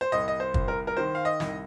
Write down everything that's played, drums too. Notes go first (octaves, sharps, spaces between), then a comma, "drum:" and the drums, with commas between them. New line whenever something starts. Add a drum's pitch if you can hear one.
C5
C2 D#5
D#5
C5
C2, drum: kick
A#4
A#4
D#3 C5
F5
D#5
C2, drum: snare